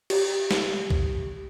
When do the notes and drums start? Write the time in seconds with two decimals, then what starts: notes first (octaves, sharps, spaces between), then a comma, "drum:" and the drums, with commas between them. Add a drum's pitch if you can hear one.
0.10 G4, drum: cymbal
0.51 drum: snare
0.90 drum: kick B1